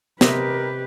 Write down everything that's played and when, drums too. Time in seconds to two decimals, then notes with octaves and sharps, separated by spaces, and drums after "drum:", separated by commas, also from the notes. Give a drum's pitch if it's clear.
0.21 C3 G4 A#4 B4 D#5, drum: snare